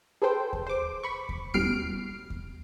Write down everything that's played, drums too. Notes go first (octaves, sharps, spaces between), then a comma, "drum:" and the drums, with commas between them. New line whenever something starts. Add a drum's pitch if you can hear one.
G#4 A4 B4 C5 G5
drum: kick D#2
C5 D6
B5 C#6
drum: kick D#2
A1 B2 G3 F6 C7 D7, drum: kick D#2
drum: kick D#2